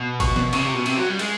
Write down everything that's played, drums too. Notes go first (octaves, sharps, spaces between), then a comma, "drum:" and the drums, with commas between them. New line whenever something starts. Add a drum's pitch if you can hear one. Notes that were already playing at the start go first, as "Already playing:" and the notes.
Already playing: B2
C#6, drum: kick G1, cymbal
drum: snare
C3 C#6, drum: cymbal
C#3
C3
B2
C3, drum: cymbal
F#3
G3
G#3, drum: cymbal